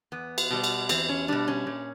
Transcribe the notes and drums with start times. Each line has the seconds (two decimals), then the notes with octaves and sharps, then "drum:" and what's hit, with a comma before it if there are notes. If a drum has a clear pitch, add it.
0.12 E2 B3
0.38 drum: cymbal
0.50 B2 G3
0.64 drum: cymbal
0.89 E2 C4, drum: cymbal
1.09 C#4
1.28 B2 G3 D4
1.48 C#4
1.67 A#2